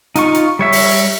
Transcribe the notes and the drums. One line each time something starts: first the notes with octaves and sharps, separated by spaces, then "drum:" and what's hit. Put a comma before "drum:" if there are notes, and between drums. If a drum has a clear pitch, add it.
D#4 F4 C#6, drum: hi-hat
drum: hi-hat
G3 C#5 E5
drum: open hi-hat
drum: hi-hat